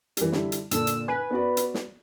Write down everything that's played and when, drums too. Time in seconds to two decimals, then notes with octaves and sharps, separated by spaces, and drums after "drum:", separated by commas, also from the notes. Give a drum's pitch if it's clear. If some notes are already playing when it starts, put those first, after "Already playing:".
0.17 E3 G3, drum: hi-hat
0.32 D3 G3 E4, drum: snare
0.52 drum: hi-hat
0.71 A#2 D3 A4 E6, drum: hi-hat
0.87 drum: hi-hat
1.08 B4 G#5
1.31 B3 F#4 D5
1.57 drum: hi-hat
1.74 drum: snare